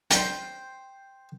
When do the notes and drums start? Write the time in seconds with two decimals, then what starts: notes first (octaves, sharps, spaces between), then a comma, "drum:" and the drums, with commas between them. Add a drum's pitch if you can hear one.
0.11 C5 G5, drum: hi-hat